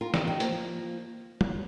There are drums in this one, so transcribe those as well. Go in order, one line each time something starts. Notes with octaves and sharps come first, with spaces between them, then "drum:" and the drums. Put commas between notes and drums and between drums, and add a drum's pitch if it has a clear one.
F4 A#4
D#3 G3, drum: snare
D#3
F3 A#3, drum: hi-hat
drum: tom